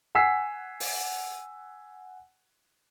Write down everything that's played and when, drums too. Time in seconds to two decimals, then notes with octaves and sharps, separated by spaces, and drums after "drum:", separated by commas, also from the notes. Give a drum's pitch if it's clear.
0.15 F#5 G#5 E6 B6 C7
0.80 drum: open hi-hat